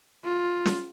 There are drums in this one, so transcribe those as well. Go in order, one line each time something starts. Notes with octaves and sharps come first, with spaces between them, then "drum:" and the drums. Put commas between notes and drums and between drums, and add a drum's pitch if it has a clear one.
F4
drum: snare